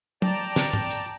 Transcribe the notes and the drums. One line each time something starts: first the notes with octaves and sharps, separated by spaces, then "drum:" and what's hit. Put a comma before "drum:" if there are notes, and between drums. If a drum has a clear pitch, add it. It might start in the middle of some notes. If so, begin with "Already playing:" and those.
D5 G5 A5 A#5, drum: tom
drum: snare
drum: tom
drum: hi-hat